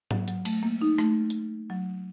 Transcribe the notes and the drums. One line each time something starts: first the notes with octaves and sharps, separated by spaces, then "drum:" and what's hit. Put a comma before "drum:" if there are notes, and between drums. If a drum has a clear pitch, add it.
F#3, drum: tom G#2
F#3, drum: hi-hat
A3, drum: cymbal
A#3
D#4
A3, drum: rim click
drum: hi-hat
F#3